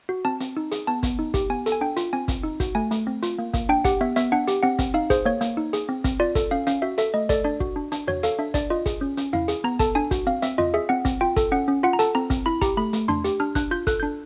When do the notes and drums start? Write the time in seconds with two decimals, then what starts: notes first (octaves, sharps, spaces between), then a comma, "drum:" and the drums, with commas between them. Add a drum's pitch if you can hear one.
0.09 F#4
0.25 C4 A5
0.40 C4, drum: hi-hat
0.57 D#4
0.72 G#4, drum: hi-hat
0.87 B3 A5
1.03 B3, drum: kick, hi-hat
1.19 D#4
1.34 G4, drum: kick, hi-hat
1.50 B3 G#5
1.66 A4, drum: hi-hat
1.72 G#5
1.81 D4 G5
1.97 F4, drum: hi-hat
2.13 C4 G#5
2.28 C4, drum: kick, hi-hat
2.43 D#4
2.60 F#4, drum: kick, hi-hat
2.75 A3 G#5
2.91 A3, drum: hi-hat
3.07 C4
3.23 F4, drum: hi-hat
3.39 A#3
3.54 A#3, drum: kick, hi-hat
3.69 D4 G5
3.85 G4 F#5, drum: kick, hi-hat
4.01 B3 E5
4.16 B3 E5, drum: hi-hat
4.32 D4 F#5
4.48 G4, drum: hi-hat
4.63 C4 F#5
4.79 C4, drum: kick, hi-hat
4.94 D#4 F5
5.10 G#4 C5, drum: kick, hi-hat
5.25 A#3 C#5
5.41 A#3, drum: hi-hat
5.57 D#4
5.73 G#4, drum: hi-hat
5.89 C4
6.04 C4, drum: kick, hi-hat
6.20 F4 D5
6.35 A4, drum: kick, hi-hat
6.51 C#4 F5
6.67 C#4 F5, drum: hi-hat
6.82 F#4 E5
6.98 A4 E5, drum: hi-hat
7.14 A3 D#5
7.29 A4 D5, drum: kick, hi-hat
7.44 D4 D5
7.60 F#4, drum: kick
7.76 D4
7.92 D4, drum: hi-hat
8.07 F#4 C#5, drum: tom E2
8.23 A4 F5, drum: hi-hat
8.39 D4 E5
8.54 D4 D5, drum: kick, hi-hat
8.70 F4 D#5
8.86 G#4, drum: kick, hi-hat
9.01 C#4
9.17 C#4, drum: hi-hat
9.33 E4 F5, drum: tom E2
9.48 G#4, drum: hi-hat
9.64 B3 A#5
9.79 A4 A5, drum: kick, hi-hat
9.95 D4 G#5
10.11 F#4, drum: kick, hi-hat
10.27 C4 F5
10.42 C4 E5, drum: hi-hat
10.58 F4 D#5, drum: tom E2
10.74 G#4 E5
10.89 C4 F#5
11.05 C4, drum: kick, hi-hat
11.21 F4 G5
11.36 A4, drum: kick, hi-hat
11.52 C#4 F#5
11.68 C#4
11.83 F4 F#5
11.93 A#5
11.99 A4 A5, drum: hi-hat
12.15 C4 A#5
12.30 C4, drum: kick, hi-hat
12.46 E4 B5
12.61 G4 A#5, drum: kick, hi-hat
12.77 A3 B5
12.93 A3, drum: hi-hat
13.08 D4 C6, drum: tom E2
13.24 G4, drum: hi-hat
13.40 D4 F6
13.55 D4 F#6, drum: kick, hi-hat
13.71 F4 G6
13.87 A4 F#6, drum: kick, hi-hat
14.00 D4 G6